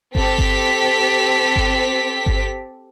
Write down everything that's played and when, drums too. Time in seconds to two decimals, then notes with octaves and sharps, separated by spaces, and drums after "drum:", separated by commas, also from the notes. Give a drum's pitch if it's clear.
0.15 C4 G4 A4 B6, drum: kick G1
0.38 drum: kick G1
1.56 drum: kick G1
2.26 drum: kick G1